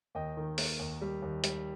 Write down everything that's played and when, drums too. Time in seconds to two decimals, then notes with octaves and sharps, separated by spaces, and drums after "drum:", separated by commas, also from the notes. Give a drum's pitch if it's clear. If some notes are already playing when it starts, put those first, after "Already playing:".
0.15 D#2 D#5 G5
0.37 D#3
0.58 A#3, drum: open hi-hat
0.79 D#2
1.01 G3
1.22 D#2
1.44 G3, drum: hi-hat